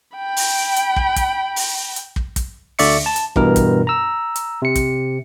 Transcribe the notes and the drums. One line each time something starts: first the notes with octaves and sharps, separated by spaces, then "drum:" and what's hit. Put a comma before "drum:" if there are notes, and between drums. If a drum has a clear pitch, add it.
G5 B5
drum: open hi-hat
drum: hi-hat
drum: kick
drum: kick, hi-hat
drum: open hi-hat
drum: hi-hat
drum: kick
drum: kick, hi-hat
D2 D3 D5 E5 C#6 C#7, drum: open hi-hat
A5
drum: hi-hat
G2 B2 E3 A#4, drum: kick
drum: kick, hi-hat
A#5 E6
drum: hi-hat
C3 C#7
drum: kick, hi-hat